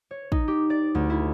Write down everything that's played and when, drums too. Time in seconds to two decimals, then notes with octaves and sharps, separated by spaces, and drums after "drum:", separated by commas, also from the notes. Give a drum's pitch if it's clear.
0.11 C#5
0.32 D#4, drum: kick
0.48 G4
0.70 D5
0.95 D2
1.10 E4